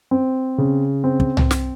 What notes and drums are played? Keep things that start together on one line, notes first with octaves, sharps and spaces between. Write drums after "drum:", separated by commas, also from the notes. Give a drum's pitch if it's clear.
C4
C#3
C4
drum: kick
drum: tom C2
drum: snare